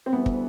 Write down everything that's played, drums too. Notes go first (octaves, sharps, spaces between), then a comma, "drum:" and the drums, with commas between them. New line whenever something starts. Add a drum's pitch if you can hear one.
C4
D2 C3 E3 G3 B3
drum: kick